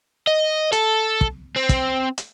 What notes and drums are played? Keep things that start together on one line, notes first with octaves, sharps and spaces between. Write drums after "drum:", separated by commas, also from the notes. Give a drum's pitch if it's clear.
D#5
A4, drum: hi-hat
drum: kick
C4
drum: kick, hi-hat
drum: hi-hat